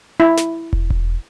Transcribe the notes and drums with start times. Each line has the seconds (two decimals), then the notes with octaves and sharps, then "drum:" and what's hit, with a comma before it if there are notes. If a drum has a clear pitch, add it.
0.20 E4
0.37 drum: snare
0.73 drum: kick
0.90 drum: kick